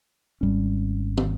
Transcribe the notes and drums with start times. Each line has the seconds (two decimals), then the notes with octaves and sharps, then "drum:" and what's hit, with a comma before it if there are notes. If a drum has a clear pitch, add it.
0.41 G#1 G#2 G3 C#4
1.17 drum: tom